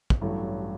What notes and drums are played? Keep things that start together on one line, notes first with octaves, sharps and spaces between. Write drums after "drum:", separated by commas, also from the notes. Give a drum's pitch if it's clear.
drum: kick
A1 G2 F#3 A3 E4